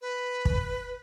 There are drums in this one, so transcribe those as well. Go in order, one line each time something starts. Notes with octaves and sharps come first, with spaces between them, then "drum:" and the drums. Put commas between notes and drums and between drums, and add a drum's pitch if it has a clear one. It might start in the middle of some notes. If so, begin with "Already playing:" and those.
B4
drum: kick